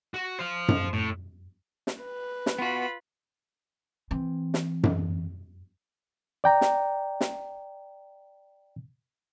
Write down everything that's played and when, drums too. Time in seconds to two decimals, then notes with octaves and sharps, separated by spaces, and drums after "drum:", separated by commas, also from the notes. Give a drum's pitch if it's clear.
0.14 F#4
0.39 C5 F5
0.68 drum: tom F#2
0.93 A2
1.87 drum: snare
2.02 B4
2.46 drum: snare
2.59 B3 F4 F#4 B5
4.11 E3 C4
4.54 drum: snare
4.83 drum: tom F#2
6.44 D5 G5 A#5
6.61 drum: snare
7.21 drum: snare